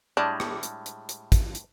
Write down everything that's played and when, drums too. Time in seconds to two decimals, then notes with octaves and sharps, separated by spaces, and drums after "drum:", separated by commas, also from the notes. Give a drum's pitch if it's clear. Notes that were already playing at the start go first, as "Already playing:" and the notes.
0.17 A2 G3 G#3 D4
0.40 drum: rim click
0.63 drum: hi-hat
0.86 drum: hi-hat
1.09 drum: hi-hat
1.32 drum: kick, hi-hat
1.55 drum: hi-hat